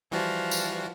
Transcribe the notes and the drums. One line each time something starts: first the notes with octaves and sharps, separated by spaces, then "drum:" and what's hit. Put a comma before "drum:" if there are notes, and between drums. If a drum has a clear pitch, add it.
E3 F3 G3 F#4
drum: tambourine